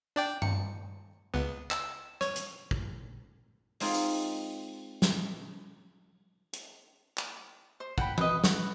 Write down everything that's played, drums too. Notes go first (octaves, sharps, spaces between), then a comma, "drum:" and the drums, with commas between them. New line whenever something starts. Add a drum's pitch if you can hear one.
D4 D5 G5
C#7, drum: tom G2
C#2 B3
E6, drum: clap
C#5, drum: rim click
drum: hi-hat
drum: kick
G#3 C4 D#4 F4, drum: open hi-hat
drum: tambourine
drum: snare
drum: hi-hat
drum: clap
C5
F#5 G5 B5, drum: kick
B4 D#5, drum: tom E3
B4 F#5 C#6, drum: snare